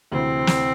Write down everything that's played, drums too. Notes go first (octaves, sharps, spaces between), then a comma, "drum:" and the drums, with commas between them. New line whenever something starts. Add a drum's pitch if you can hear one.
D2 C3 E3 C4
drum: snare